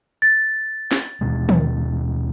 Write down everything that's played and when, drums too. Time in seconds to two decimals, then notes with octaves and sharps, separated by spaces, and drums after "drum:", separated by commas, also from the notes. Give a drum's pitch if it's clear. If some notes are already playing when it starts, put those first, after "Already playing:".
0.22 A6
0.91 drum: snare
1.21 D#2 B2 G#3
1.49 drum: tom